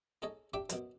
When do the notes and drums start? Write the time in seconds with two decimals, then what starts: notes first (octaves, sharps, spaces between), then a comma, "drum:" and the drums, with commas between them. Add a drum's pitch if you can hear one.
0.22 D#4 G#4 A4 C#5 D#5
0.53 D4 G4 E5 G5 D6
0.69 F#2 B2, drum: hi-hat